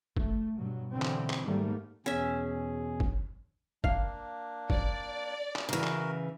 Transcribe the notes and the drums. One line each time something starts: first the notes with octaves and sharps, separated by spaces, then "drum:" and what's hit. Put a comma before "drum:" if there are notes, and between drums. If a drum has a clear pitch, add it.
A3, drum: kick
G2 B2 F#3
B2 D3 E3 C4
drum: clap
drum: clap
G#2 D#3 G3 A3 A#3
E2 B2 C#4 G#4 E5
drum: kick
A#3 D4 F5, drum: kick
D5, drum: kick
drum: clap
C#3 E3 F#4 A#4
drum: clap